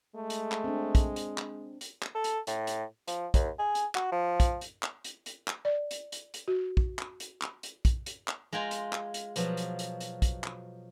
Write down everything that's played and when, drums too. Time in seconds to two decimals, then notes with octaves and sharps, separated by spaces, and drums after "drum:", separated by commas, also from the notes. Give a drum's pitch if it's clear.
0.15 G#3 A3
0.30 drum: hi-hat
0.52 drum: clap
0.64 C4 D4
0.95 drum: kick, hi-hat
1.16 drum: hi-hat
1.38 drum: clap
1.81 drum: hi-hat
2.03 drum: clap
2.15 A4
2.24 drum: hi-hat
2.47 A2, drum: hi-hat
2.67 drum: hi-hat
3.08 F3, drum: hi-hat
3.34 D#2, drum: kick, hi-hat
3.59 G#4
3.75 drum: hi-hat
3.95 F#4, drum: clap
4.12 F3
4.40 drum: kick, hi-hat
4.61 drum: hi-hat
4.83 drum: clap
5.04 drum: hi-hat
5.26 drum: hi-hat
5.48 drum: clap
5.65 D5
5.91 drum: hi-hat
6.12 drum: hi-hat
6.34 drum: hi-hat
6.48 F#4
6.77 drum: kick
6.99 drum: clap
7.20 drum: hi-hat
7.42 drum: clap
7.63 drum: hi-hat
7.85 drum: kick, hi-hat
8.06 drum: hi-hat
8.28 drum: clap
8.53 G#3 F4 G5 G#5 A#5
8.71 drum: hi-hat
8.93 drum: clap
9.14 drum: hi-hat
9.36 B2 F3 F#3, drum: hi-hat
9.57 drum: hi-hat
9.79 drum: hi-hat
10.00 drum: hi-hat
10.22 drum: kick, hi-hat
10.44 drum: clap